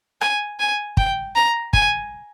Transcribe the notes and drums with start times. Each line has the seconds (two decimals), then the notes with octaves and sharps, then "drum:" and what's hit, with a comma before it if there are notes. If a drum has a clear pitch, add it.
0.21 G#5, drum: rim click
0.60 G#5
0.97 G5, drum: kick
1.35 A#5
1.73 G#5, drum: kick